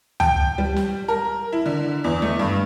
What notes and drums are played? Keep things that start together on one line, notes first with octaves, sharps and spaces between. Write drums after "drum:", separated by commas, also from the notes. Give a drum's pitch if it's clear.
G5, drum: tom
G3
drum: snare
A#4
E4
D3
E2
A3
G2